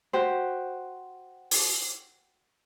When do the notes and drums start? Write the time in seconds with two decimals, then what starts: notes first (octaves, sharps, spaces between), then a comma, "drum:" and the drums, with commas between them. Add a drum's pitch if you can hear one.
0.13 F#4 G4 C5
1.51 drum: open hi-hat